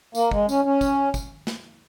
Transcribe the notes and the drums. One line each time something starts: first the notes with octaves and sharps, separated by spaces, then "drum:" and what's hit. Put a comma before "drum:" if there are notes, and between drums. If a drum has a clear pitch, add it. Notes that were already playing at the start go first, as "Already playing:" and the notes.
A#3, drum: tambourine
G#3, drum: kick
C#4, drum: tambourine
C#4
drum: kick, tambourine
drum: kick, tambourine
drum: snare